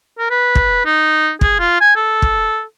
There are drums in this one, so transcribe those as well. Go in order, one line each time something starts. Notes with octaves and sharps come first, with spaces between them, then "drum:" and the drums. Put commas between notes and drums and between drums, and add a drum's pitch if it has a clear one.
A#4
B4
drum: kick
D#4
G#4, drum: kick
F4
G#5
A4
drum: kick